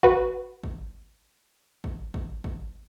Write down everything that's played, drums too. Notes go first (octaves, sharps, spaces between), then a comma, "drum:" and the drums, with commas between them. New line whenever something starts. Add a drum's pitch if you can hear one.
F#4 B4, drum: kick
drum: kick
drum: kick
drum: kick
drum: kick